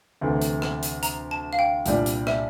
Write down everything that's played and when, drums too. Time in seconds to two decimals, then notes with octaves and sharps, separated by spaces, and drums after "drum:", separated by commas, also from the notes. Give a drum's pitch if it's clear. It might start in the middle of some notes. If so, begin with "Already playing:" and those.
0.21 D2 C3 E3 A3
0.42 drum: hi-hat
0.62 drum: rim click
0.83 drum: hi-hat
1.03 A#5, drum: hi-hat
1.31 A5
1.53 F5
1.59 G5
1.86 C2 A#2 G3 D4, drum: hi-hat
2.06 drum: hi-hat
2.27 E5, drum: rim click